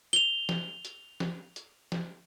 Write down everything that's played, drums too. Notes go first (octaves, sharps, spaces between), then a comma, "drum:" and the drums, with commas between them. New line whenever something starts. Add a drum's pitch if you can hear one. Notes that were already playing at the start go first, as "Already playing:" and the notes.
F7 G7, drum: hi-hat
drum: snare
drum: hi-hat
drum: snare
drum: hi-hat
drum: snare